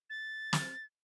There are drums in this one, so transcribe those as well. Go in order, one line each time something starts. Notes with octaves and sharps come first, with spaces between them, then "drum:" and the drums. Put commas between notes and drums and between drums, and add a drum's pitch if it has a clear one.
A6
drum: snare